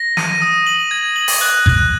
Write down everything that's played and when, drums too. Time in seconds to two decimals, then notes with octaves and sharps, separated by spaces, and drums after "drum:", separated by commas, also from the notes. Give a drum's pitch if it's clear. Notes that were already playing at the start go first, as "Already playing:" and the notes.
Already playing: A#6
0.17 D#7, drum: snare
0.42 D#6
0.67 F#7
0.91 G#6
1.16 F#7
1.28 drum: open hi-hat
1.41 F#6
1.66 F#6, drum: kick G#1